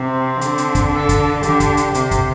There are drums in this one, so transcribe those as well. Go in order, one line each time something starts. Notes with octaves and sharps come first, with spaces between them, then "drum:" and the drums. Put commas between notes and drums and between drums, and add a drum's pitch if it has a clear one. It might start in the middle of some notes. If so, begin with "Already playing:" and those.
Already playing: C3 C4
D3, drum: hi-hat
drum: hi-hat
drum: kick, hi-hat
A4
drum: kick, hi-hat
D3 G4, drum: hi-hat
drum: kick, hi-hat
drum: hi-hat
C3, drum: hi-hat
drum: kick, hi-hat